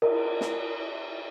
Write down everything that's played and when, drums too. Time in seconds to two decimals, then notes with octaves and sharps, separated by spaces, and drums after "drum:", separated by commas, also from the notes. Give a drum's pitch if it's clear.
0.02 A#4, drum: cymbal
0.41 drum: snare